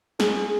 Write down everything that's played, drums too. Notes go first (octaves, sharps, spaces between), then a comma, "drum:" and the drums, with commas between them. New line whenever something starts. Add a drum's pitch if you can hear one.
G#4, drum: snare